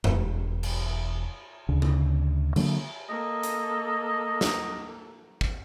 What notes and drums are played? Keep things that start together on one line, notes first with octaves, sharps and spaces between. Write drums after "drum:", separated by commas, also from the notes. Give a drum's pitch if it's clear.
E1, drum: tom F2
drum: cymbal
D2 C#3
drum: tom C#3
D3 F#3 A#3, drum: cymbal
A#3 A4 D#5
drum: hi-hat
drum: snare
drum: kick